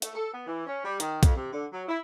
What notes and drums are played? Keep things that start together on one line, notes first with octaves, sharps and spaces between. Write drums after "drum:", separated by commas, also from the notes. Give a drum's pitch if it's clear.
A3, drum: hi-hat
A4
B3
E3
C#4
G3
D#3, drum: hi-hat
F2, drum: kick B1, hi-hat
C3
D3
F#3
E4